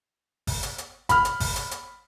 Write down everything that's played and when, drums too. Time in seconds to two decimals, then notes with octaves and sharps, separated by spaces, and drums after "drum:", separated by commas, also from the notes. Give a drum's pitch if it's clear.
0.47 drum: kick G#1, open hi-hat
0.63 drum: hi-hat
0.78 drum: hi-hat
1.09 B5 F6, drum: kick G#1, hi-hat
1.25 drum: hi-hat
1.40 drum: kick G#1, open hi-hat
1.56 drum: hi-hat
1.71 drum: hi-hat